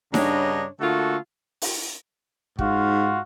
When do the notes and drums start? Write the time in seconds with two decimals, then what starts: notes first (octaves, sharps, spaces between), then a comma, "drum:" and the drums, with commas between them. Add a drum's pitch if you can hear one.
0.14 G2 C#3 D4 C#5 D#5 A#5, drum: snare D#4
0.81 D3 A3 A#3 F4 F#4 A4
1.62 drum: open hi-hat
2.59 G#2 F4 F#4 F5, drum: kick